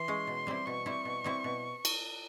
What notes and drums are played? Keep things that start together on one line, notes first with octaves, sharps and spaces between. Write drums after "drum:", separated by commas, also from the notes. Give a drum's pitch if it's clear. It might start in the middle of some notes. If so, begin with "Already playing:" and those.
Already playing: E3 C6
G#3 C#4
B2
G3 C4 E4
B2 C#6
G3 C4 E4
B2
G3 C4 E4
B2
drum: cymbal